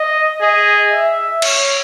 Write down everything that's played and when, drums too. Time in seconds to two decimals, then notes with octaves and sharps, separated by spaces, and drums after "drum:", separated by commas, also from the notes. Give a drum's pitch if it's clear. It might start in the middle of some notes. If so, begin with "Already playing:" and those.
Already playing: D#5
0.42 G#4 D#5
0.92 E5
1.42 C#5, drum: cymbal